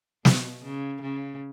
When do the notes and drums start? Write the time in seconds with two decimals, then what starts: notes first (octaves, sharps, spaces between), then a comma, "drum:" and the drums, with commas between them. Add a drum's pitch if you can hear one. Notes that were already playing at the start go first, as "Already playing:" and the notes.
0.25 B2, drum: snare
0.63 C#3
1.02 C#3